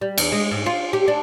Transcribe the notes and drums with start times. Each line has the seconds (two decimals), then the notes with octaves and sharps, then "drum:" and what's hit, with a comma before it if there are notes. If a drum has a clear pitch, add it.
0.01 G3
0.18 E2, drum: cymbal
0.32 G#3
0.51 G#2
0.66 F4
0.93 G4
1.08 D4